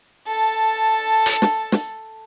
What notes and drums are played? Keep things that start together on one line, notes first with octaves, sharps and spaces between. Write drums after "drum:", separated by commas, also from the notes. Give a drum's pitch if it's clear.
A4 A5
drum: hi-hat
drum: snare
drum: snare